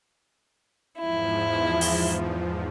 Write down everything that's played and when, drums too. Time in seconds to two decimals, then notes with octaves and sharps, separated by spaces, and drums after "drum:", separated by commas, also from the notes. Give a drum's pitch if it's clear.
0.98 E2 G#2 F3 E4
1.81 drum: open hi-hat